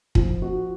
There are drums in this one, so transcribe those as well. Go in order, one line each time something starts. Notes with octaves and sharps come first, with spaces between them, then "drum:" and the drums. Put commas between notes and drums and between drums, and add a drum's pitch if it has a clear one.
F3, drum: kick
F#4